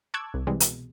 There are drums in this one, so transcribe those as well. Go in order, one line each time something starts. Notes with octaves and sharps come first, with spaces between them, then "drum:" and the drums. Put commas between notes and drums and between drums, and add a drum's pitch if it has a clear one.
A5 C#6 D6 E6 F#6 G#6
C2
C3 E3 G3 G#3
B2, drum: hi-hat